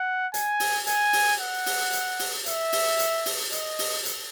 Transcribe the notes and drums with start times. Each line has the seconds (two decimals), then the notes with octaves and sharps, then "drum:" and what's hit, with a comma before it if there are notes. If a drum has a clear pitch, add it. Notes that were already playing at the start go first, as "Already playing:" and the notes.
Already playing: F#5
0.34 G#5, drum: hi-hat
0.60 drum: open hi-hat
0.87 G#5, drum: hi-hat
1.13 drum: open hi-hat
1.40 F#5
1.66 drum: open hi-hat
1.93 drum: hi-hat
2.19 drum: open hi-hat
2.46 E5, drum: hi-hat
2.72 drum: open hi-hat
2.99 drum: hi-hat
3.26 drum: open hi-hat
3.52 D#5, drum: hi-hat
3.79 drum: open hi-hat
4.05 drum: hi-hat